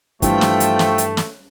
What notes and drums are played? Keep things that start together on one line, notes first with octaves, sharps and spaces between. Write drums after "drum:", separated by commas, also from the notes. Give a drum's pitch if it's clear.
G2 E3 F3 A3 G5, drum: kick, hi-hat
drum: snare
drum: hi-hat
drum: snare
drum: hi-hat
drum: snare